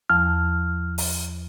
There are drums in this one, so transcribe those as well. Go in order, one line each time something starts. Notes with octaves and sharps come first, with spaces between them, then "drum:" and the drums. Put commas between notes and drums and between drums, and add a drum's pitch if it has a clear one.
E2 F3 A5 F6
drum: open hi-hat